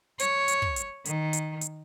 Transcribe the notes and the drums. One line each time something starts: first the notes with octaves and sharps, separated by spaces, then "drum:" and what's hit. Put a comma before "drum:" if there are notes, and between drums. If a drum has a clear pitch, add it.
C#5, drum: hi-hat
drum: hi-hat
drum: kick
drum: hi-hat
D#3, drum: hi-hat
drum: hi-hat
drum: hi-hat